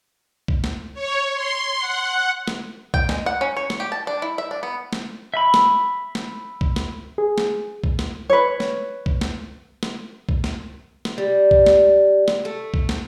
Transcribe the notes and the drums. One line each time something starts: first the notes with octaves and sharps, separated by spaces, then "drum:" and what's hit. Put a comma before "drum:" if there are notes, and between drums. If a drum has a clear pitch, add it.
drum: kick B1
drum: snare
C#5
C6
F#5
drum: snare
G5, drum: kick B1
G#3, drum: snare
F#5
C#4
C#5
drum: snare
G4
A5
D4
E4
E5
D4
B3
drum: snare
E5 B5
drum: snare
drum: snare
drum: kick B1
drum: snare
G#4
drum: snare
drum: kick B1
drum: snare
B4 C#5
drum: snare
drum: kick B1
drum: snare
drum: snare
drum: kick B1
drum: snare
drum: snare
G3
drum: kick B1
drum: snare
drum: snare
A3
drum: kick B1
drum: snare